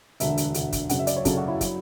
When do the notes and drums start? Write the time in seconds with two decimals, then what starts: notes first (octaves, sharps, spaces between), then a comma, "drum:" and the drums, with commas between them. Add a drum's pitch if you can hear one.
0.20 E1 D2 D3 E5, drum: hi-hat
0.37 drum: hi-hat
0.54 E1 D2 D3, drum: hi-hat
0.72 drum: kick, hi-hat
0.89 F#1 F#2 C#3 F#3 F#5, drum: hi-hat
0.99 E5
1.07 D5, drum: hi-hat
1.16 C#5
1.25 F#1 F#2 C#3 F#3 A4, drum: kick, hi-hat
1.37 F#4
1.48 E4
1.61 F#3, drum: kick, hi-hat